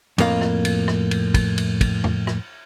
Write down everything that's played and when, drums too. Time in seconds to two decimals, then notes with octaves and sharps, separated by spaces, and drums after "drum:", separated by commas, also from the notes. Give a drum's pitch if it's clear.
0.18 F2 A2 A#3 F5, drum: cymbal
0.41 drum: rim click
0.65 drum: cymbal
0.88 drum: rim click
1.11 drum: cymbal
1.34 drum: kick, cymbal
1.58 drum: cymbal
1.81 drum: kick, cymbal
2.04 drum: tom F2
2.27 drum: rim click